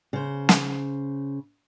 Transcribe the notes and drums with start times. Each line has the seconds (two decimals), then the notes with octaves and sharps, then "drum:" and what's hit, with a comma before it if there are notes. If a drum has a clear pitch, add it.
0.13 C#3 C5
0.49 drum: snare